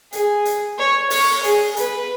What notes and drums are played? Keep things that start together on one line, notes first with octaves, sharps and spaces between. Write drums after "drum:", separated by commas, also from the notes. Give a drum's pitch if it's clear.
G#4, drum: hi-hat
drum: hi-hat
C#5
C#5, drum: open hi-hat
G#4, drum: hi-hat
B4, drum: hi-hat